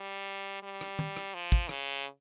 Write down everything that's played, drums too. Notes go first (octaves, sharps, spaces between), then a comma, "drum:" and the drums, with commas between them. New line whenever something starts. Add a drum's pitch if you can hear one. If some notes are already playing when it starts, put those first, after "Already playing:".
Already playing: G3
G3
drum: rim click
drum: tom
drum: rim click
F3
drum: kick
C#3, drum: rim click